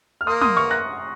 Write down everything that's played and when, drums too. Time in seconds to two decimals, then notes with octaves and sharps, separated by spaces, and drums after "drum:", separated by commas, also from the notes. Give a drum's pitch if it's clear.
0.21 F6
0.27 A#3 C6 D#6
0.42 C6 D#6, drum: tom
0.56 C#6 F6
0.71 F#6 A#6